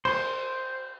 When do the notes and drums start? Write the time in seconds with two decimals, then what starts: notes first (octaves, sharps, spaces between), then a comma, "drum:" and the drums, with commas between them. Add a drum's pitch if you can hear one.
0.05 C5, drum: cymbal